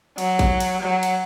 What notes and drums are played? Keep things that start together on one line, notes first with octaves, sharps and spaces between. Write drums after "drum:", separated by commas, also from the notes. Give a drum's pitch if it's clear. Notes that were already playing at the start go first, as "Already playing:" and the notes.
F#3, drum: cymbal
drum: kick, cymbal
drum: cymbal
F#3
drum: cymbal